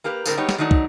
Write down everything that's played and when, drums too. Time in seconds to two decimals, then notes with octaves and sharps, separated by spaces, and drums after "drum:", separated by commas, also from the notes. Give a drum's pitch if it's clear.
0.04 A#3 G4 A#4 B4
0.26 A2 D3 G#3 C4 A#4, drum: tambourine
0.37 G3 G#3 B3 D#4 G4 C#5
0.49 drum: snare
0.58 D#3 F#3 A3 D#4 D5
0.71 drum: kick